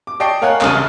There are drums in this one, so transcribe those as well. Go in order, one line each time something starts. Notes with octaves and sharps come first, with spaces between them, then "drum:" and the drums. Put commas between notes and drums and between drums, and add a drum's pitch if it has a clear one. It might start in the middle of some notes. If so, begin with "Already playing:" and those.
D6
D5 D#5 G5 A5 C#6 C7
A#4 C#5 F5 F#5 G#5 F#6
E1 C2 C#3 D#6 F6 D#7, drum: clap